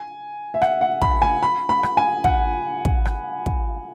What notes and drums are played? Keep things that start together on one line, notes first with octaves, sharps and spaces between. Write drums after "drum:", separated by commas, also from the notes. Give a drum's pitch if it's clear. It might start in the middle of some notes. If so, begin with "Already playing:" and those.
Already playing: G#5
E5
F#5, drum: rim click
F#5
B5, drum: kick
G#5
B5
B5
drum: rim click
G#5
F#5, drum: kick
drum: kick
drum: rim click
drum: kick